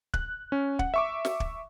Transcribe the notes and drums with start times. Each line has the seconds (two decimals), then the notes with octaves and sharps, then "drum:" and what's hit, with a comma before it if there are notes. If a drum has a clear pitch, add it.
0.14 F#6, drum: kick
0.52 C#4
0.79 F#5, drum: kick
0.94 E5 C#6 D6
1.25 drum: snare
1.40 drum: kick